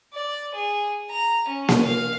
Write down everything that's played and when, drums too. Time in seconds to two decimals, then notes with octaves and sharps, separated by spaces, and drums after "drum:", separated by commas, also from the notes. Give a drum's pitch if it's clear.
0.14 D5
0.55 G#4
1.10 A#5
1.48 C#4
1.68 drum: snare A#3
1.85 F5